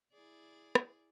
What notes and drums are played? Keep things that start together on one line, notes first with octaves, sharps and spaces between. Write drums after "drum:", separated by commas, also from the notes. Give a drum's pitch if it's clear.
E4 G#4 D5
drum: rim click